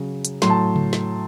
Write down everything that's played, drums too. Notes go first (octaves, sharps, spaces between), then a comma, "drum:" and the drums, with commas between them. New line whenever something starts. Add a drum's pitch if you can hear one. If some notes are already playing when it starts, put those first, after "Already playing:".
Already playing: C#3 F#3
drum: hi-hat
A2 F#3 C6, drum: snare
A5
drum: tom C#3
drum: snare